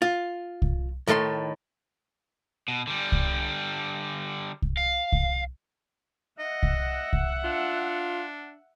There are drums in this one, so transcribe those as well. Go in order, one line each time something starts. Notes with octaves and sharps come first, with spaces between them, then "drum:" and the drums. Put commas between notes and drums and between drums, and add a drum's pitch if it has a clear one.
F4
drum: kick C2
A2 D#3 A4 E5 C6
B2
D3 G3
drum: kick C2
drum: kick C2
F5
drum: kick C2
D#5 E5 F#5
drum: kick C2
drum: kick C2
D4 F4